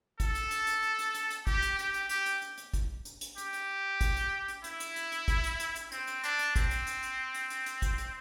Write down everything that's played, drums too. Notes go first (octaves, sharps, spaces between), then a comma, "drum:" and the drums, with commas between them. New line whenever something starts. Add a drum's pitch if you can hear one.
A4, drum: kick, hi-hat
drum: hi-hat
drum: hi-hat
drum: hi-hat
drum: hi-hat
drum: hi-hat
drum: hi-hat
drum: hi-hat
G4, drum: kick, hi-hat
drum: hi-hat
G4, drum: hi-hat
drum: hi-hat
G4, drum: hi-hat
drum: hi-hat
drum: hi-hat
drum: hi-hat
drum: kick, hi-hat
drum: hi-hat
drum: hi-hat
G4, drum: hi-hat
drum: hi-hat
drum: kick, hi-hat
drum: hi-hat
drum: hi-hat
E4, drum: hi-hat
drum: hi-hat
drum: hi-hat
drum: hi-hat
drum: kick, hi-hat
drum: hi-hat
drum: hi-hat
drum: hi-hat
C4, drum: hi-hat
drum: hi-hat
D4, drum: hi-hat
drum: hi-hat
C4, drum: kick, hi-hat
drum: hi-hat
drum: hi-hat
drum: hi-hat
drum: hi-hat
drum: hi-hat
drum: hi-hat
drum: kick, hi-hat
drum: hi-hat